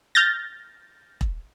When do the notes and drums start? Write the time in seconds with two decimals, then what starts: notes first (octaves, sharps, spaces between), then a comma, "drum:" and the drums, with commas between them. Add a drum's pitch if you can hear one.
0.15 F6 G6 A6 A#6
1.21 drum: kick E1